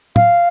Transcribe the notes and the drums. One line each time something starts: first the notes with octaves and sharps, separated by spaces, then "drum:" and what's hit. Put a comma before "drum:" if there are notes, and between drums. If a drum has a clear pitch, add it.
F5, drum: tom